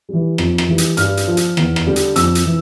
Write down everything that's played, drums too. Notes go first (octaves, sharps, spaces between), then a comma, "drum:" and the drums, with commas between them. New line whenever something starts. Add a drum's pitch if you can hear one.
E3 G3
F2, drum: rim click
drum: rim click
E3 G3
drum: hi-hat
G2 F6, drum: hi-hat
drum: hi-hat
F3
drum: hi-hat
E2, drum: rim click
drum: rim click
D3 G3
drum: hi-hat
F2 E6, drum: hi-hat
drum: hi-hat
E3